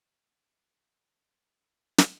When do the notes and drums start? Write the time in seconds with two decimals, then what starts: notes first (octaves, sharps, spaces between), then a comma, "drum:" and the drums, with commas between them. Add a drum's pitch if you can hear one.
0.25 D#2
1.54 G3 A3 D4 E4 F4
1.98 drum: snare